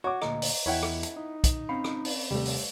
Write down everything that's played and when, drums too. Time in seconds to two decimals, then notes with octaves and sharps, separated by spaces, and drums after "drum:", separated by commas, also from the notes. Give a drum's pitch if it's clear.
0.04 F#4 C#5 D6
0.22 D2 A#2 D#5 A#5, drum: rim click
0.42 drum: open hi-hat
0.66 E2 B3 E4 C#5 F#5 G5
0.83 drum: rim click
1.03 drum: hi-hat
1.16 D#4
1.44 drum: kick, hi-hat
1.69 C4 C#4 F5 B5
1.84 drum: rim click
2.05 drum: open hi-hat
2.31 D#2 C3 G3 A3
2.45 drum: open hi-hat